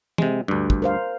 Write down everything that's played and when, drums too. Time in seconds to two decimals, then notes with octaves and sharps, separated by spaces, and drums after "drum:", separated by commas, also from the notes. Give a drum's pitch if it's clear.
0.18 C3 G#3, drum: tom
0.48 D2 G2
0.70 drum: kick
0.82 A#4 C5 F5